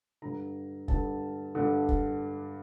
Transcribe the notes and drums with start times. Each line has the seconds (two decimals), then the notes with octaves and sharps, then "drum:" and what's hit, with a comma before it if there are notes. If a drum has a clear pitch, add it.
0.22 G2 D3 A#5
0.88 G2 D3 A5, drum: kick
1.55 G2 D3
1.89 drum: kick